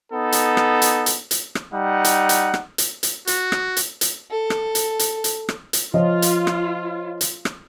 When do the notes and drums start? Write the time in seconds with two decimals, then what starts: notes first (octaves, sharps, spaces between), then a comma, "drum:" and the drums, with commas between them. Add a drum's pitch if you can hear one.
0.12 B3 D#4 A4
0.32 drum: hi-hat
0.57 drum: rim click
0.82 drum: hi-hat
1.06 drum: hi-hat
1.31 drum: hi-hat
1.55 drum: rim click
1.73 G3 D#4 F#5
2.04 drum: hi-hat
2.29 drum: hi-hat
2.54 drum: rim click
2.78 drum: hi-hat
3.03 drum: hi-hat
3.27 F#4, drum: hi-hat
3.52 drum: rim click
3.77 drum: hi-hat
4.01 drum: hi-hat
4.30 A4
4.50 drum: rim click
4.75 drum: hi-hat
4.99 drum: hi-hat
5.24 drum: hi-hat
5.49 drum: rim click
5.73 drum: hi-hat
5.94 F3 F4 C#5 D#5
6.22 drum: hi-hat
6.47 drum: rim click
7.21 drum: hi-hat
7.45 drum: rim click